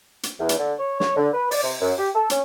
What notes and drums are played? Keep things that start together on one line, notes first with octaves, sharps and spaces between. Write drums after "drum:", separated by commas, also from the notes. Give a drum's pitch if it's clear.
drum: hi-hat
E2
drum: hi-hat
D3
C#5
C#5, drum: snare
D3
B4
D5, drum: open hi-hat
C3
F#2
G4
A4
C#4, drum: hi-hat